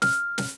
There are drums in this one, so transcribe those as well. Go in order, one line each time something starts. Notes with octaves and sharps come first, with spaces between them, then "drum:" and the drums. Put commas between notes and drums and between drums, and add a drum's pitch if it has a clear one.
F6, drum: snare
drum: snare